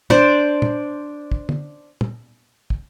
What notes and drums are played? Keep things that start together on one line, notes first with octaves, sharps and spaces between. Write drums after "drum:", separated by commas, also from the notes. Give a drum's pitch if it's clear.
D4 C5 D5, drum: tom
drum: tom
drum: kick
drum: tom
drum: tom
drum: kick